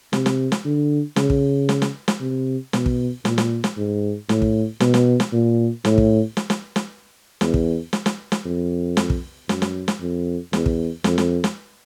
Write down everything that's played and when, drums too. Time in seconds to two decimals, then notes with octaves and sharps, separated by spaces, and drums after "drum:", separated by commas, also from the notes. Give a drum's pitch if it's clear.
0.13 C3, drum: snare
0.26 drum: snare
0.52 drum: snare
0.65 D3
1.16 C#3, drum: snare
1.30 drum: kick
1.69 drum: snare
1.82 drum: snare
2.08 drum: snare
2.20 C3
2.73 B2, drum: snare
2.86 drum: kick
3.25 A#2, drum: snare
3.38 drum: snare
3.64 drum: snare
3.77 G#2
4.29 A2, drum: snare
4.42 drum: kick
4.80 B2, drum: snare
4.94 drum: snare
5.20 drum: snare
5.33 A#2
5.85 A2, drum: snare
5.98 drum: kick
6.37 drum: snare
6.50 drum: snare
6.76 drum: snare
7.41 E2, drum: snare
7.54 drum: kick
7.93 drum: snare
8.06 drum: snare
8.32 drum: snare
8.45 F2
8.97 drum: snare
9.10 drum: kick
9.49 F#2, drum: snare
9.62 drum: snare
9.88 drum: snare
10.01 F2
10.53 E2, drum: snare
10.66 drum: kick
11.04 F2, drum: snare
11.18 drum: snare
11.44 drum: snare